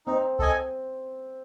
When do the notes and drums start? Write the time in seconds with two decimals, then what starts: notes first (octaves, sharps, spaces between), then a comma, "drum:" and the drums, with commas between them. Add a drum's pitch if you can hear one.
0.06 C4 D#4
0.39 A4 D#5 G#5, drum: kick C2